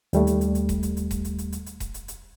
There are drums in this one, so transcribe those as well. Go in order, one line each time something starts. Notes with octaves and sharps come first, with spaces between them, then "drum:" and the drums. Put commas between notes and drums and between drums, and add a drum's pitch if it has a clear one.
D#2 G3 A3, drum: hi-hat
drum: hi-hat
drum: hi-hat
drum: hi-hat
drum: kick D#1, hi-hat
drum: hi-hat
drum: hi-hat
drum: kick D#1, hi-hat
drum: hi-hat
drum: hi-hat
drum: hi-hat
drum: hi-hat
drum: kick D#1, hi-hat
drum: hi-hat
drum: hi-hat